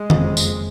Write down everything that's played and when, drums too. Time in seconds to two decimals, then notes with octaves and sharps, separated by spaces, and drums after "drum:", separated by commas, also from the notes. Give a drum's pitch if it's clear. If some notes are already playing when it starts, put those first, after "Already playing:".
Already playing: G#3
0.10 F#1 F2 C#3, drum: tom D#3
0.37 drum: tambourine